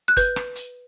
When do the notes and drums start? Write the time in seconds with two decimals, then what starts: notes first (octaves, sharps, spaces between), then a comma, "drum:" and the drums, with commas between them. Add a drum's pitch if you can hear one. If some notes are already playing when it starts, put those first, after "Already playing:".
0.08 F#6
0.17 B4 G6, drum: kick, hi-hat
0.36 drum: rim click
0.55 drum: hi-hat